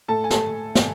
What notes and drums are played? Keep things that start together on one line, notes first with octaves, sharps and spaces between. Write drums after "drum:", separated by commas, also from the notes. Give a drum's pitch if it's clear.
A2 A4 A5
G#5
A4 A5, drum: snare
drum: snare